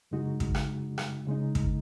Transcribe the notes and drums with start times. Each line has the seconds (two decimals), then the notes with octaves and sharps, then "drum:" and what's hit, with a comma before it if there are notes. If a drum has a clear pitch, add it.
0.11 F#2 C#3 G#3 D#4 F#4
0.40 drum: kick
0.55 drum: rim click
0.98 drum: rim click
1.26 C#3 G#3 D#4
1.55 drum: kick